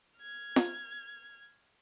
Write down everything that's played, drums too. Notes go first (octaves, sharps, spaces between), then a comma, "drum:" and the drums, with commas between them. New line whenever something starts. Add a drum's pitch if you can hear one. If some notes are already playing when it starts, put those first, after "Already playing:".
F6 G#6
drum: snare